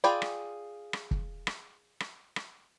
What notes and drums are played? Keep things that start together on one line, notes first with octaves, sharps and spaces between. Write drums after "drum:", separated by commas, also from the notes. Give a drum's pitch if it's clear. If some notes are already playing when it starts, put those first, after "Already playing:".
F4 G#4 D5 G5 B5
drum: rim click
drum: rim click
drum: kick
drum: rim click
drum: rim click
drum: rim click